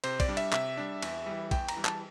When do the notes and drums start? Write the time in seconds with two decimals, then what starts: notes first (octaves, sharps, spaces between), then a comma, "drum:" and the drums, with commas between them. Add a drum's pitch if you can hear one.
0.04 C3 C5, drum: cymbal
0.20 D5, drum: kick, cymbal
0.28 G3 D4
0.37 E5, drum: cymbal
0.53 C3 E5, drum: clap
0.77 G3 D4
1.02 E2, drum: cymbal
1.26 E3 G3
1.51 E2 G5, drum: kick, cymbal
1.68 A#5, drum: cymbal
1.77 E3 G3
1.85 A5, drum: clap